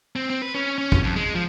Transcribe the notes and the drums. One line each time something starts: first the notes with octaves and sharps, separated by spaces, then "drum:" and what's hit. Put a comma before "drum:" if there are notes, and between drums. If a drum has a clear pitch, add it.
C4
C4
B4
C#4
C#4
drum: kick
F2
G#3
F3